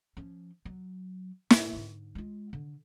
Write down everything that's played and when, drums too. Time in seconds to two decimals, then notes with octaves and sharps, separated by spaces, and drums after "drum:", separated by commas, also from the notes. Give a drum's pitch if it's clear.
0.17 F3 C#4
0.65 F#3
1.50 G#2, drum: snare
1.72 G#2 D3
2.15 G#3 F4
2.53 D3